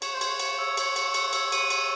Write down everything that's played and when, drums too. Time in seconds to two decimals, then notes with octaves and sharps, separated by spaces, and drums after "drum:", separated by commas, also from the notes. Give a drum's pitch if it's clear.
0.02 C#5 E7, drum: cymbal
0.14 C5
0.21 C#5 G#6, drum: cymbal
0.40 E7, drum: cymbal
0.59 E6
0.77 C#7, drum: cymbal
0.96 C#7, drum: cymbal
1.14 E6, drum: cymbal
1.33 E6, drum: cymbal
1.52 D#7, drum: cymbal
1.70 C#6, drum: cymbal